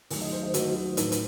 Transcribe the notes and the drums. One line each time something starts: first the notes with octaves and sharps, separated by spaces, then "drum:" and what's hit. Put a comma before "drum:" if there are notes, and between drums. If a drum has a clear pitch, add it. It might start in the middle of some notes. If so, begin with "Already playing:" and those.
D#2 D#3 F#3 A3, drum: open hi-hat
D#5
C5
D#5
D#2 D#3 F#3 A3 F#4, drum: hi-hat
F#4
A2 F3 A3 D#4, drum: hi-hat
drum: hi-hat